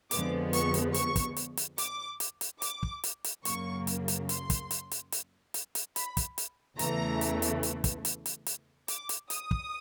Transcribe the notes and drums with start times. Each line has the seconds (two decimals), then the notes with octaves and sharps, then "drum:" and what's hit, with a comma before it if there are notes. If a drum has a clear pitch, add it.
0.11 F2 D3 F3 G#3 B3 D6, drum: hi-hat
0.53 C#6, drum: hi-hat
0.74 drum: hi-hat
0.94 C#6, drum: hi-hat
1.16 drum: kick, hi-hat
1.36 drum: hi-hat
1.57 drum: hi-hat
1.78 D6, drum: hi-hat
2.20 drum: hi-hat
2.41 drum: hi-hat
2.62 D6, drum: hi-hat
2.83 drum: kick
3.04 drum: hi-hat
3.24 drum: hi-hat
3.45 F#2 C#3 F#3 A#3 C#6, drum: hi-hat
3.87 drum: hi-hat
4.08 drum: hi-hat
4.29 C6, drum: hi-hat
4.50 drum: kick, hi-hat
4.71 drum: hi-hat
4.91 drum: hi-hat
5.12 drum: hi-hat
5.54 drum: hi-hat
5.75 drum: hi-hat
5.96 B5, drum: hi-hat
6.17 drum: kick, hi-hat
6.38 drum: hi-hat
6.79 E2 C#3 E3 A3 A#5, drum: hi-hat
7.21 drum: hi-hat
7.42 drum: hi-hat
7.63 drum: hi-hat
7.84 drum: kick, hi-hat
8.05 drum: hi-hat
8.26 drum: hi-hat
8.46 drum: hi-hat
8.88 D6, drum: hi-hat
9.09 drum: hi-hat
9.30 D#6, drum: hi-hat
9.51 drum: kick